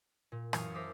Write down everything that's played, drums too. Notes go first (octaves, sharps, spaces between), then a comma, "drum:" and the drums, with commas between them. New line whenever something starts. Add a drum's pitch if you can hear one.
A#2
F#2 E3 F5 A5 C#6 D#6, drum: rim click
A#4 C5 E5 D6 D#6